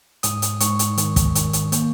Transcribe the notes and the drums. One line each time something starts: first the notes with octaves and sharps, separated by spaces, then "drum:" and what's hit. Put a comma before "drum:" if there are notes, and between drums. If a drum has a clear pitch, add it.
G#2 D#6, drum: hi-hat
drum: hi-hat
G#2 C#6, drum: hi-hat
drum: hi-hat
D#3, drum: hi-hat
drum: kick, hi-hat
D#3, drum: hi-hat
drum: hi-hat
A#3, drum: hi-hat